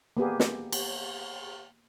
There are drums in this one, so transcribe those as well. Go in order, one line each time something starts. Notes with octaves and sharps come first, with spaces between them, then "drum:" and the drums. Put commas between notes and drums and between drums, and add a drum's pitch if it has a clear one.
A#3 B3 G4 G#4
drum: snare
drum: cymbal